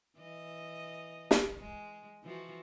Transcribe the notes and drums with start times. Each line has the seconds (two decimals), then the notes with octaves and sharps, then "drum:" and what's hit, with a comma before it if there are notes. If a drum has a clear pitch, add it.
0.18 E3 D#5
1.31 drum: snare
1.60 G#3
2.24 E3 F3 F#4